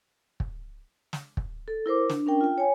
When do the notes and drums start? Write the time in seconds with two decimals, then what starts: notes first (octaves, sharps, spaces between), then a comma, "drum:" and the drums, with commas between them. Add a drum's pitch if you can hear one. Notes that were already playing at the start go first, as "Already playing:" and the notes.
0.40 drum: kick
1.13 drum: snare
1.37 drum: kick
1.68 A4
1.86 E4 A#4 C5 D6
2.09 D4, drum: snare
2.26 C#4 D4 A#4 G5
2.41 F4 G5
2.58 C#5 G#5